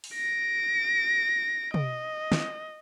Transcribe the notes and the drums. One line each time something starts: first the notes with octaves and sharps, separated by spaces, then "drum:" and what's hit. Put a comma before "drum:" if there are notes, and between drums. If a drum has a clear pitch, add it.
drum: open hi-hat
A#6 D7
D#5, drum: tom
drum: snare